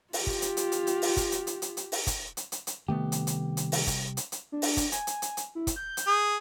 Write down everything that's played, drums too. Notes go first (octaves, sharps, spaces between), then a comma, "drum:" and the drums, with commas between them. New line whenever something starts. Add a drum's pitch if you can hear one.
F4 G4, drum: open hi-hat
drum: kick
drum: hi-hat
drum: hi-hat
drum: hi-hat
drum: hi-hat
drum: open hi-hat
drum: kick, hi-hat
drum: hi-hat
drum: hi-hat
drum: hi-hat
drum: hi-hat
drum: open hi-hat
drum: kick, hi-hat
drum: hi-hat
drum: hi-hat
drum: hi-hat
C2 D#3 A3 B3 G4
drum: hi-hat
drum: hi-hat
drum: hi-hat
drum: open hi-hat
drum: kick, hi-hat
drum: hi-hat
drum: hi-hat
D4
drum: open hi-hat
drum: kick, hi-hat
G#5, drum: hi-hat
drum: hi-hat
drum: hi-hat
drum: hi-hat
E4
drum: kick, hi-hat
G6
drum: hi-hat
G#4